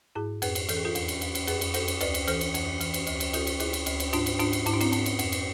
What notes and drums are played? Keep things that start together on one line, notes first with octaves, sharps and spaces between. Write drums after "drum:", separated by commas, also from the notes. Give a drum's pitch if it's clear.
G#2 E4 G#4
F2 G#4 B4, drum: cymbal
drum: cymbal
E3 A4, drum: cymbal
G#4
F4 A4
E2, drum: cymbal
drum: cymbal
E2, drum: cymbal
drum: cymbal
F2 G#4 B4, drum: cymbal
drum: cymbal
F2 A4 C5, drum: cymbal
drum: cymbal
D2 B4 D5, drum: cymbal
drum: cymbal
E3 A4 C5, drum: cymbal
drum: cymbal
F2, drum: cymbal
E3, drum: cymbal
drum: cymbal
D2, drum: cymbal
drum: cymbal
D2 F4 A4, drum: cymbal
drum: cymbal
D2 E4 G#4, drum: cymbal
drum: cymbal
D2, drum: cymbal
drum: cymbal
G#2 D4 F4, drum: cymbal
drum: cymbal
G#2 D4 F4, drum: cymbal
drum: cymbal
G#2 E4, drum: cymbal
D4
C4 E4, drum: cymbal
G#2, drum: cymbal
drum: cymbal
F2, drum: cymbal
drum: cymbal